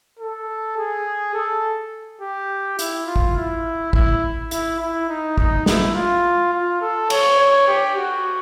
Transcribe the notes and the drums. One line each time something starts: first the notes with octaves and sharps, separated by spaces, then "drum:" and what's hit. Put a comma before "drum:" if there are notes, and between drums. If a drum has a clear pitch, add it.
A4
G#4
A4
G4
E4, drum: hi-hat
F4
drum: kick A1
E4
E4, drum: kick A1
E4, drum: hi-hat
E4
D#4
D#4, drum: kick A1
E4, drum: snare
F4
F4
A4
C#5, drum: cymbal
C#5
G4
F#4